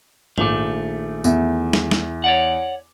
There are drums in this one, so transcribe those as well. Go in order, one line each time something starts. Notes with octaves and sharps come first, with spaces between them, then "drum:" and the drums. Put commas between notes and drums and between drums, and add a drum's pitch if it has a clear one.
A#1 D#3 A3 D6, drum: tom G#2
E2 E5, drum: tambourine
drum: snare
drum: snare
C#5 D5 F#5